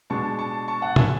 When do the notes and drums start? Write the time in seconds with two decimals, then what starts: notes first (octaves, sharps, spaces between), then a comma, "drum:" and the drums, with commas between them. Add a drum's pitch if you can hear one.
0.10 B2 G#3 D4 A5 C#6
0.39 A5 C#6
0.68 A5 C#6
0.82 F#5 A5
0.96 E5 G#5, drum: tom